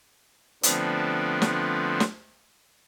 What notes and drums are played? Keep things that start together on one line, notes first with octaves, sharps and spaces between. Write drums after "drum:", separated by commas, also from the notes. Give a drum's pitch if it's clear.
D3 F3 A3 B3 C4 D4, drum: hi-hat
drum: snare
drum: snare